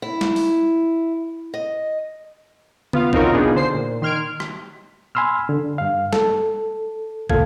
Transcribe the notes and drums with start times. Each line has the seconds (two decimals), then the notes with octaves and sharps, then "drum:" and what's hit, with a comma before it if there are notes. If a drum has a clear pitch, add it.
0.02 E4
0.21 drum: snare
0.36 drum: open hi-hat
1.54 D#5
2.93 B3 F4 F5, drum: tom D3
3.13 C4 D#4 F4 F#4 A#4 C#5, drum: kick
3.32 B2 B3 D4 D#4 F4 G#4
3.55 D3 C5 C7
3.74 A#2
4.02 D#3 C6 F6 G#6 D7
4.40 drum: rim click
5.15 G#5 B5 C6 E6 F6
5.49 D3
5.78 G2 F5
6.13 A4, drum: snare
7.30 C#2 A#2 A4 F5 G#6, drum: kick